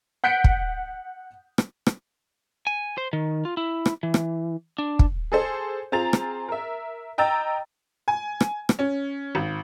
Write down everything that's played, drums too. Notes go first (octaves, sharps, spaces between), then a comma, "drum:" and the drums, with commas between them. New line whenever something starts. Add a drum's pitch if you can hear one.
F#5 G6 B6 C#7 D7
drum: kick
drum: rim click
drum: rim click
G#5
C5
D#3
F4
E4
drum: rim click
E3
drum: rim click
D4
drum: kick
G#4 A4 C5
C4 F4 G#4 A#5 A6 F7
drum: rim click
A#4 E5
D#5 G5 A#5 E6 A6
G#5
drum: rim click
drum: rim click
C#4
G#1